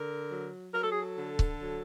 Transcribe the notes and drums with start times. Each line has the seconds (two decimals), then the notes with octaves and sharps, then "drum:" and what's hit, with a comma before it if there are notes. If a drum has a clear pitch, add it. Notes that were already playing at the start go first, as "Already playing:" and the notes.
Already playing: D3 A#4
0.30 F#3
0.74 F#3 A#4
0.83 A4
0.92 G#4
1.00 A4
1.17 D3
1.39 drum: kick C#1
1.61 F#3